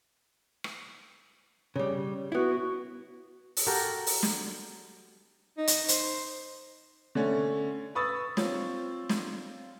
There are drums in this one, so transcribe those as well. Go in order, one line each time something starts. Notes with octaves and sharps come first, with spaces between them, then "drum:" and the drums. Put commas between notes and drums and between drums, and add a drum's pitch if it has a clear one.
drum: rim click
C#3 G3
B3 E4 F#4
drum: open hi-hat
F#4 G4 A4 A#4
drum: open hi-hat
drum: snare
D#4
drum: hi-hat
C5, drum: hi-hat
D3 A3 C#4
B4 B5 C#6 D#6 E6 A6
C4 F4 C#5, drum: snare
drum: snare